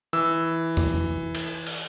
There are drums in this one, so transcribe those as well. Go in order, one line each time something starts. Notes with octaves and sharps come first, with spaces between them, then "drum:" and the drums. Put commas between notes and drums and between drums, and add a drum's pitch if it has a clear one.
E3 E6
drum: tom E2
drum: cymbal
drum: cymbal